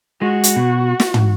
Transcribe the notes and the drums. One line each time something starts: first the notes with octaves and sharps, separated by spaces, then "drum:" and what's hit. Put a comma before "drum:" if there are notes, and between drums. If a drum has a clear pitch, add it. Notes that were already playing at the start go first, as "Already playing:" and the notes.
G#3 F#4
drum: hi-hat
B2
drum: snare
drum: tom